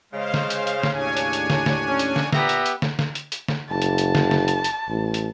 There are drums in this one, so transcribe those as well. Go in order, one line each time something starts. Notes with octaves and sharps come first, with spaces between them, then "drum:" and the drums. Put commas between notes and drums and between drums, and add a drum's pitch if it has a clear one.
C#3 G#3 C5 F5
drum: snare
drum: hi-hat
drum: hi-hat
drum: snare
D#2 A2 D4 C#5 G#5
drum: hi-hat
drum: hi-hat
drum: snare
drum: snare
C#4
drum: hi-hat
drum: snare
A#2 B3 G4 E5 A#5, drum: snare
drum: hi-hat
drum: hi-hat
drum: snare
drum: snare
drum: hi-hat
drum: hi-hat
drum: snare
F#1 A5
drum: hi-hat
drum: hi-hat
drum: snare
drum: snare
drum: hi-hat
drum: hi-hat
A1
drum: hi-hat